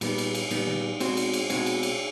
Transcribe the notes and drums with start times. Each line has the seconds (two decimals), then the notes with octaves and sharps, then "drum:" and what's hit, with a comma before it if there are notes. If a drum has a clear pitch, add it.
0.01 A#2 G3 B3 D#4, drum: cymbal
0.18 drum: cymbal
0.35 drum: cymbal
0.51 A#2 G3 B3 D#4, drum: cymbal
0.68 drum: snare
1.00 B2 G#3 C4 D#4 F#4, drum: cymbal
1.17 drum: cymbal
1.33 drum: cymbal
1.50 B2 G#3 C4 D#4 F#4, drum: cymbal
1.66 drum: cymbal
1.83 drum: cymbal